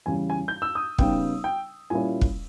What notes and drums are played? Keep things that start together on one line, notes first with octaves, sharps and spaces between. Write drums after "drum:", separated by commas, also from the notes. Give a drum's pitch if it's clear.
E2 C#3 G3 G#5
G#5
G6
E6
D#6
C#3 G3 B3 D#4 G5, drum: kick
G5
A#2 G3 A#3 C#4 E4 G#5
drum: kick